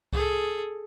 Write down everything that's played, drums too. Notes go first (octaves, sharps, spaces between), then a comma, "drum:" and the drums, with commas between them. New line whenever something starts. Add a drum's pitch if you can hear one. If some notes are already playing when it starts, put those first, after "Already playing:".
G#4 A4, drum: kick C2